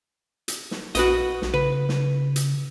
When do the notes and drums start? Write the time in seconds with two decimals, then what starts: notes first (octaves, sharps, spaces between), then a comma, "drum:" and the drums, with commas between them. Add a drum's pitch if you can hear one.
0.48 drum: hi-hat
0.71 drum: snare
0.95 A#1 F#4 B4 D#5, drum: hi-hat
1.42 drum: snare
1.54 C#3 B4
1.89 drum: snare
2.36 drum: hi-hat